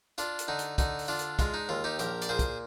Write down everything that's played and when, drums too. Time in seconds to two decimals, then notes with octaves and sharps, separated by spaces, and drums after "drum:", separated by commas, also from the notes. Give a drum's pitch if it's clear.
0.18 D4 F4, drum: hi-hat
0.39 drum: hi-hat
0.48 D3 D#4
0.59 drum: hi-hat
0.78 D3 D#4, drum: kick B1, hi-hat
0.99 drum: open hi-hat
1.08 D4 F4
1.19 drum: hi-hat
1.39 G#3 F4, drum: kick B1, hi-hat
1.54 D#4
1.69 D#2 F4
1.84 D#4 G4
1.99 A#1 G4 A#4, drum: hi-hat
2.22 D5, drum: hi-hat
2.29 A#2 G#4 C5
2.39 drum: kick B1, hi-hat